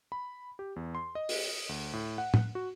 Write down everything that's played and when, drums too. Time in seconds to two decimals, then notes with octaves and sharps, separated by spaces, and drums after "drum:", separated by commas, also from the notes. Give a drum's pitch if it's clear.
0.12 B5
0.59 G4
0.76 E2
0.95 C6
1.15 D#5
1.29 drum: open hi-hat
1.69 D2
1.93 A2
2.18 F#5
2.34 drum: tom
2.55 F#4